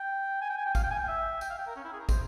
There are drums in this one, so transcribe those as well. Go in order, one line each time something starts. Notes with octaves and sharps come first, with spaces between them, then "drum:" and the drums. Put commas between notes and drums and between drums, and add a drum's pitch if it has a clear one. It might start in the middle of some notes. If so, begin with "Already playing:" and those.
Already playing: G5
G#5
G5
G#5
G5
F5, drum: kick, tambourine
G5
G#5
G5
E5
G5, drum: tambourine
F5
G5
A#4
C#4
E4
G#4
A#4
C5, drum: kick, tambourine